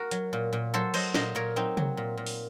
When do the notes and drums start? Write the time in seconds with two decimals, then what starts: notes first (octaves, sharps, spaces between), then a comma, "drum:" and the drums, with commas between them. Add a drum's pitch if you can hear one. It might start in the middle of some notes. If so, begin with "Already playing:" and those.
Already playing: F#4 A#4
0.11 F#3, drum: hi-hat
0.33 A#2
0.53 A#2
0.74 F#3 A4 C5
0.94 F#3 C5 D#5, drum: cymbal
1.14 A#2 C5 D#5, drum: snare
1.35 A#2 A#4 C#5
1.56 F#3 C4 D#4
1.77 F#3, drum: tom C3
1.97 A#2
2.17 A#2
2.27 drum: open hi-hat